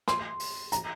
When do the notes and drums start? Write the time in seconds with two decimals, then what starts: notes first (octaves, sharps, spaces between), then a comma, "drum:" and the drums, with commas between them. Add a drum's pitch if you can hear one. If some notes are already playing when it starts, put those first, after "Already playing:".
0.08 C6, drum: rim click
0.40 drum: open hi-hat
0.72 A#5, drum: hi-hat